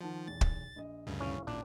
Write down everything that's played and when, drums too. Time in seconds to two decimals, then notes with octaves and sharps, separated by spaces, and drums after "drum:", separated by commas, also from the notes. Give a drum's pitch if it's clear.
0.01 D#3 F3 F#5 A5
0.27 B1 E2 A6
0.41 drum: kick
0.76 A#1 D#5
1.07 D2 G2 C#3
1.20 D#1 C#4 E4 F5
1.47 A1 A#2 D4